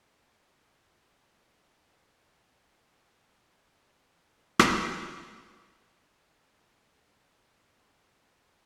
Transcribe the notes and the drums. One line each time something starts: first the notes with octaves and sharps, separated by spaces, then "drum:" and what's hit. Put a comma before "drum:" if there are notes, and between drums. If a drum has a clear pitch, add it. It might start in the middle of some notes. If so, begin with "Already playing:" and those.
D#5 G5
D#5 F5 F6
F#6 A#6 C#7 E7
A#5 G6
C#6 G#6 C#7 D7
G#3
drum: rim click
B4 D#5 C#6
C2 D#4 G4 B4
D2 E4